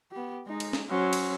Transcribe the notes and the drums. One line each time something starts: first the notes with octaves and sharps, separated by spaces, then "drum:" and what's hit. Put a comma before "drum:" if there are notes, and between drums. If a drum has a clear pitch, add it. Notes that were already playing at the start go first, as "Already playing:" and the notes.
B3 G4
G#3 D#4
drum: cymbal
drum: snare C#4
F#3 C#4 C5
drum: cymbal